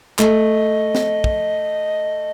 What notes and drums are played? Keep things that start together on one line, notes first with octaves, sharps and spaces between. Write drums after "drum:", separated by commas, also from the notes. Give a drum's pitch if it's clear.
A3 D#5, drum: clap
drum: snare
drum: kick